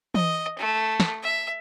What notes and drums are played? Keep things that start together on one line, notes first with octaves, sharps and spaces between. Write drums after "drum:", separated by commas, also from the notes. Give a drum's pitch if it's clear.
D#5, drum: tom E3
A3
drum: snare
E5